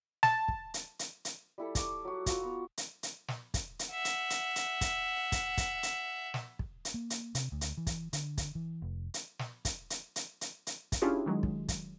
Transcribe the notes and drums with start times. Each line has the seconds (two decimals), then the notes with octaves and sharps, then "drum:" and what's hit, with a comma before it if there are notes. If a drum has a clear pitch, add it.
0.23 A5, drum: snare
0.48 drum: kick
0.74 drum: hi-hat
0.99 drum: hi-hat
1.25 drum: hi-hat
1.58 G3 E4 A4
1.75 C#6 D6, drum: kick, hi-hat
2.05 F#3 F#4
2.26 F4 F#4 A#5, drum: kick, hi-hat
2.44 B3
2.77 drum: hi-hat
3.03 drum: hi-hat
3.28 drum: snare
3.54 drum: kick, hi-hat
3.79 drum: hi-hat
3.92 E5 F#5
4.05 drum: hi-hat
4.30 drum: hi-hat
4.56 drum: hi-hat
4.81 drum: kick, hi-hat
5.32 drum: kick, hi-hat
5.58 drum: kick, hi-hat
5.83 drum: hi-hat
6.34 drum: snare
6.59 drum: kick
6.85 drum: hi-hat
6.94 A#3
7.10 drum: hi-hat
7.35 C3, drum: hi-hat
7.52 D2
7.61 drum: hi-hat
7.77 E3
7.87 drum: kick, hi-hat
8.13 D3, drum: hi-hat
8.38 drum: kick, hi-hat
8.55 E3
8.82 F1
9.14 drum: hi-hat
9.39 drum: snare
9.65 drum: kick, hi-hat
9.90 drum: hi-hat
10.16 drum: hi-hat
10.41 drum: hi-hat
10.67 drum: hi-hat
10.92 drum: kick, hi-hat
11.02 C#4 D4 E4 F4 G4 G#4
11.26 D#3 F#3 G#3
11.43 drum: kick
11.68 drum: kick, hi-hat